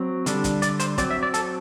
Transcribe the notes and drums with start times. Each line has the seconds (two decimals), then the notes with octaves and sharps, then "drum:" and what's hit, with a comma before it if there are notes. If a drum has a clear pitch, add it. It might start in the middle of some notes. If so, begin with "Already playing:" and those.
Already playing: F#3 C4
0.26 D3 G3 D4, drum: hi-hat
0.44 drum: kick, hi-hat
0.62 D5, drum: hi-hat
0.80 C5, drum: hi-hat
0.98 F#3 C4 D5, drum: kick, hi-hat
1.10 E5
1.23 D5
1.34 A4, drum: hi-hat